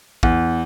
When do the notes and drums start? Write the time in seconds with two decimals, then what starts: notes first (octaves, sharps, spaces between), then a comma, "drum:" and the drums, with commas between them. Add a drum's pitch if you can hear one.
0.23 E2, drum: kick